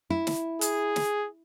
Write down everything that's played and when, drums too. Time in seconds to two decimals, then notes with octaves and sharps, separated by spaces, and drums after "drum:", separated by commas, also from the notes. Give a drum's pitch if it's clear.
0.10 E4
0.27 drum: snare
0.61 G#4, drum: hi-hat
0.96 drum: snare